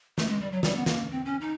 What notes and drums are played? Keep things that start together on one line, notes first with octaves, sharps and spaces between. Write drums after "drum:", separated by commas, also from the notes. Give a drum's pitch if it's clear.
A3, drum: snare
G#3
G3
F#3
G3, drum: snare
B3
A#3, drum: snare
C4
C#4
D#4